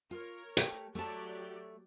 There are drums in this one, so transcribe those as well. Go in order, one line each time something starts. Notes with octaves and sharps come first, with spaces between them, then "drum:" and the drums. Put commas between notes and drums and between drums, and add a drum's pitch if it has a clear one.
F4 A#4 C#5
A3 G4, drum: hi-hat
F#3 A3 G4 D5 A5